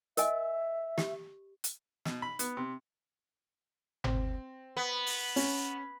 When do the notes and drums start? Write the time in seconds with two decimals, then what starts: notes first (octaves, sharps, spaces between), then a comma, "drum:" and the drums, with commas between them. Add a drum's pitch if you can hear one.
0.17 A#4 D#5 E5 G#5, drum: hi-hat
0.98 G4, drum: snare
1.64 drum: hi-hat
2.05 B2, drum: snare
2.22 B5
2.39 B3, drum: hi-hat
2.57 C3
4.04 C4, drum: tom G1
4.77 B3
5.06 drum: open hi-hat
5.36 C#4, drum: open hi-hat